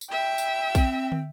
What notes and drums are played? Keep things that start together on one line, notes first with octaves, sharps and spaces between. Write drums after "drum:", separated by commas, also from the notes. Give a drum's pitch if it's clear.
drum: tambourine
E5 G5
drum: tambourine
C4, drum: kick A#1, tambourine
drum: tom